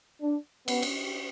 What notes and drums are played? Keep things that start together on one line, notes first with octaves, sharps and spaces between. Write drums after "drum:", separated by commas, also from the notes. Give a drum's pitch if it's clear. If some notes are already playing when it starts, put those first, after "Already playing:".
D4
B3, drum: cymbal
drum: cymbal